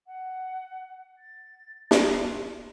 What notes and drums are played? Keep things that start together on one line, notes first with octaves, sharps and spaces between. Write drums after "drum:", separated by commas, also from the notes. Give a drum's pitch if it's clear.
F#5
A6
C6, drum: snare